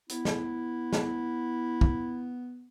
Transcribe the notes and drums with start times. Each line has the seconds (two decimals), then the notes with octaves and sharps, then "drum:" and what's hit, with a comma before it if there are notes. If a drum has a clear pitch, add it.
0.09 B3 E4, drum: hi-hat
0.25 drum: snare
0.93 drum: snare
1.81 drum: kick